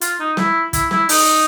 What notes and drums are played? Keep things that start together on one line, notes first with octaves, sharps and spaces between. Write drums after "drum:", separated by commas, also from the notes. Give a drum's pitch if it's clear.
F4, drum: hi-hat
D#4
E4, drum: snare
E4, drum: kick, hi-hat
E4, drum: snare
D#4, drum: open hi-hat